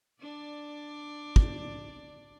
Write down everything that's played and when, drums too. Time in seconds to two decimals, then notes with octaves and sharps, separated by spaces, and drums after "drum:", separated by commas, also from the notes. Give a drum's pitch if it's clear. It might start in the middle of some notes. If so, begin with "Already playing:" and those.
0.21 D4 D5
1.36 drum: kick